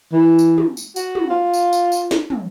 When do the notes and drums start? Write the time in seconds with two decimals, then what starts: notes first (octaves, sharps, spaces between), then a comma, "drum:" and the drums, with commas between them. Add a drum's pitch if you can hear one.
0.13 E3
0.39 drum: tambourine
0.58 drum: tom
0.77 drum: tambourine
0.96 F#4, drum: tambourine
1.15 drum: tom
1.30 F4
1.54 drum: tambourine
1.73 drum: tambourine
1.92 drum: tambourine
2.11 drum: snare
2.30 drum: tom